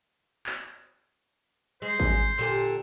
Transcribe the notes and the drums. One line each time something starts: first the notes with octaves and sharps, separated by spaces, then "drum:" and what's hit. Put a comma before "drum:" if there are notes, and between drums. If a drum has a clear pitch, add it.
drum: clap
G#3 C5
drum: kick G#1
A#2 D3 G4